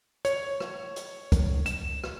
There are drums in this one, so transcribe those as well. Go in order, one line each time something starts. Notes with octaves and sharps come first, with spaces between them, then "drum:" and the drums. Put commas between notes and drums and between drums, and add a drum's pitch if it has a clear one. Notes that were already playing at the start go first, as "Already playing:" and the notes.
C#5, drum: hi-hat
drum: rim click
drum: hi-hat
drum: kick, hi-hat
E7, drum: hi-hat
drum: rim click